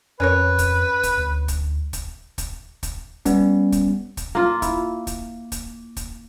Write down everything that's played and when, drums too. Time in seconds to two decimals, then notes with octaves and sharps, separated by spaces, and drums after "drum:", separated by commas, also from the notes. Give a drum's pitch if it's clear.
0.20 F2 C#4 A#4 B4 C#5
0.59 drum: kick, hi-hat
1.03 drum: kick, hi-hat
1.17 D2
1.48 drum: kick, hi-hat
1.93 drum: kick, hi-hat
2.38 drum: kick, hi-hat
2.83 drum: kick, hi-hat
3.25 G3 B3 C#4, drum: kick, hi-hat
3.72 drum: kick, hi-hat
4.17 drum: kick, hi-hat
4.35 A#3 F4
4.62 E4, drum: kick, hi-hat
5.07 drum: kick, hi-hat
5.52 drum: kick, hi-hat
5.97 drum: kick, hi-hat